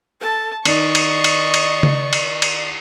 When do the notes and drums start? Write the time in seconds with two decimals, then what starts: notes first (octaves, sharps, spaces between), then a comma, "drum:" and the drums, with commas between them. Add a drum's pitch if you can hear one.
0.21 A4 A5
0.65 D#3 D5 D#5 C#6, drum: cymbal
0.95 drum: cymbal
1.24 drum: cymbal
1.54 drum: cymbal
1.83 drum: tom C#3
2.13 drum: cymbal
2.42 drum: cymbal